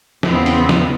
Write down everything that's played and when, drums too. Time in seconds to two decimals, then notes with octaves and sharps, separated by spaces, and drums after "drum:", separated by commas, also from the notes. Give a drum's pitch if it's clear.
0.23 E2 C#3 B3 C4, drum: snare
0.46 drum: hi-hat
0.69 drum: snare